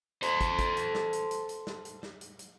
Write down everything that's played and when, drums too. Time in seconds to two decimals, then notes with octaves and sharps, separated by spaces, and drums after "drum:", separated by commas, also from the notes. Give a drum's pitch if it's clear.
0.23 A4 C5, drum: hi-hat
0.41 drum: kick, hi-hat
0.59 drum: kick, hi-hat
0.77 drum: hi-hat
0.95 drum: snare
1.13 drum: hi-hat
1.31 drum: hi-hat
1.49 drum: hi-hat
1.67 drum: snare
1.85 drum: hi-hat
2.03 drum: snare
2.21 drum: hi-hat
2.39 drum: hi-hat